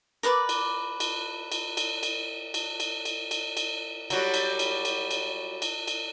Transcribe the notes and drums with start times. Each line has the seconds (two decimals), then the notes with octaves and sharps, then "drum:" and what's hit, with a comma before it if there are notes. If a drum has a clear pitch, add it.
0.23 A#4 B4 D5 D6
0.49 drum: cymbal
1.00 drum: cymbal
1.52 drum: cymbal
1.77 drum: cymbal
2.03 drum: cymbal
2.54 drum: cymbal
2.80 drum: cymbal
3.05 drum: cymbal
3.31 drum: cymbal
3.57 drum: cymbal
4.10 F#3 G3 F#4, drum: cymbal
4.34 drum: cymbal
4.59 drum: cymbal
4.85 drum: cymbal
5.11 drum: cymbal
5.62 drum: cymbal
5.88 drum: cymbal